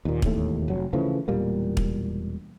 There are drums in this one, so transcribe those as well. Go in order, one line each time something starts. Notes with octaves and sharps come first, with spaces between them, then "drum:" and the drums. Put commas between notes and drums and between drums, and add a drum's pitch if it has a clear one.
D#2 A#2
E1 D#2 A2 A3, drum: kick
F1 F#3
C#3 E3 F3 A3
E1 A#2 G3 A#3
drum: kick